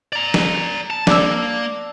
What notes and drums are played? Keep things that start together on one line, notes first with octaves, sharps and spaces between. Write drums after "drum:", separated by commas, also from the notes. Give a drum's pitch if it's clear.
D5 A#5
drum: snare
A5
A#3 D4 E6, drum: snare